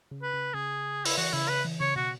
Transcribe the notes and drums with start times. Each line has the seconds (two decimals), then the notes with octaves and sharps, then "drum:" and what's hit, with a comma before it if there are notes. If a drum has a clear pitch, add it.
0.11 C#3
0.23 B4
0.34 C#3
0.54 C#3 G#4
1.05 E4, drum: open hi-hat
1.17 E3 F#4
1.32 C#3 E4
1.48 C#3 B4
1.65 E3
1.80 C#3 C#5
1.96 B2 F#4